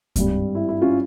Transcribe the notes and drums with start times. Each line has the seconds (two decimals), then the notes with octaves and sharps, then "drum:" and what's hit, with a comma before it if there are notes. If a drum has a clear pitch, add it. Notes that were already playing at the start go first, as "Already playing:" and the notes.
0.16 G#1 G2 G3, drum: kick C#2, hi-hat
0.55 E4
0.69 E4
0.81 C#4 F4